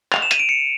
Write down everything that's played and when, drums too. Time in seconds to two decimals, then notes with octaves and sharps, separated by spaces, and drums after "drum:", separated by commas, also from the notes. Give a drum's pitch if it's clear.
0.12 F7, drum: clap
0.22 E7
0.31 D#7, drum: hi-hat
0.39 D7
0.49 C#7